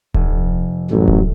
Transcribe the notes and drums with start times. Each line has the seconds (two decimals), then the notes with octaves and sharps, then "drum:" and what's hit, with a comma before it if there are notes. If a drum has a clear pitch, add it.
0.14 F1, drum: kick D1
0.91 A1 F#2 A2 F#3
1.08 drum: kick D1